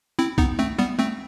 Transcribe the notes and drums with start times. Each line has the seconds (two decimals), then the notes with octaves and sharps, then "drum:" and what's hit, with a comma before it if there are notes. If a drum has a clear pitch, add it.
0.19 C4 E4
0.38 B3 D#4, drum: kick B1
0.59 A3 C4
0.79 G3 B3
0.99 A3 C4